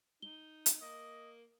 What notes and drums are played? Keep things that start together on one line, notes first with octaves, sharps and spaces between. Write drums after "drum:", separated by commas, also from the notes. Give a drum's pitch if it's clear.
D#4 G7
drum: hi-hat
A#3 D#5